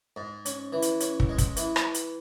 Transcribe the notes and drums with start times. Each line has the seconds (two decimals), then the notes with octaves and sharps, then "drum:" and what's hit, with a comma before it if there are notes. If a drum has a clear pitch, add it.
0.16 G#2
0.46 C#4, drum: hi-hat
0.73 E3
0.82 drum: hi-hat
1.00 C#4, drum: hi-hat
1.20 drum: kick
1.29 G#3
1.38 drum: kick, hi-hat
1.57 E3, drum: hi-hat
1.76 drum: rim click
1.94 drum: hi-hat